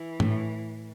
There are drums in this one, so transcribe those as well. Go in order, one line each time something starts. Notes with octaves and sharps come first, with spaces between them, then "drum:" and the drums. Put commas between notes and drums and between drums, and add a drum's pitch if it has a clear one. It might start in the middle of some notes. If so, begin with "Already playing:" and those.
Already playing: E3
A2, drum: tom G#2